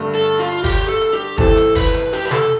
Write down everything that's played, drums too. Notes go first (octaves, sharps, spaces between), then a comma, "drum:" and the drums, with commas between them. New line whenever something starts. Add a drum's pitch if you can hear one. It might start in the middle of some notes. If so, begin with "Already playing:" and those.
Already playing: G2 D3 A3
A4
F4
G4, drum: kick, open hi-hat
A4
drum: hi-hat
G4
F2 C3 E3 A3 C4 A4, drum: kick
drum: hi-hat
B4, drum: kick, open hi-hat
drum: hi-hat
G4, drum: hi-hat
B4
A4, drum: snare